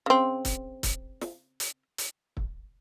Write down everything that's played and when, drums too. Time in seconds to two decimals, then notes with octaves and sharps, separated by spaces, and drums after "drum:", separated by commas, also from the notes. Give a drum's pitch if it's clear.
0.06 C#3 C4
0.45 drum: kick, hi-hat
0.83 drum: kick, hi-hat
1.21 drum: snare
1.60 drum: hi-hat
1.98 drum: hi-hat
2.37 drum: kick